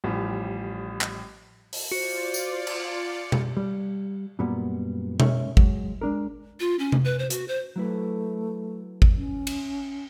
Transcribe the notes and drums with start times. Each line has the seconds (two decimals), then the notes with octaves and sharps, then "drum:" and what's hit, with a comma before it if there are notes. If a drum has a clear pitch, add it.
0.04 A1 A2 F3 G3
1.01 drum: clap
1.73 drum: open hi-hat
1.92 F4 F#4 C5 D5 C#7
2.34 drum: tambourine
2.67 drum: cymbal
3.32 drum: tom B2
3.57 G3
4.39 F#2 A#2 G3 B3
5.20 G#3 C#4 A#4 C#5 E5, drum: tom B2
5.57 F#3 G#3, drum: kick G#1
6.01 G#3 D4 A#4
6.60 F4
6.79 C#4
6.92 drum: tom C3
7.05 B4
7.19 C5
7.30 F#4, drum: hi-hat
7.48 C5
7.76 F#3 A3 E4 B4
9.02 drum: kick G#1
9.17 C#4
9.47 drum: cymbal